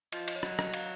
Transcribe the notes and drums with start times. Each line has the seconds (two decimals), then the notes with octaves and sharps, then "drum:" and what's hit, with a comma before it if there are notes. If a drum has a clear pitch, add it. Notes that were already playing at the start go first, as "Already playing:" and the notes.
0.12 F3 D#5, drum: cymbal
0.28 D#5, drum: cymbal
0.36 C#5
0.43 F#3 D#5, drum: rim click
0.59 D#5, drum: rim click
0.74 F5, drum: cymbal